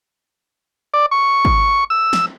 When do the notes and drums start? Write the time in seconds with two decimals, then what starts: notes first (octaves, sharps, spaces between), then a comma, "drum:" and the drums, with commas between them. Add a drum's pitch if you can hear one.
0.94 D5
1.11 C#6
1.45 drum: kick G#1
1.90 E6
2.13 drum: snare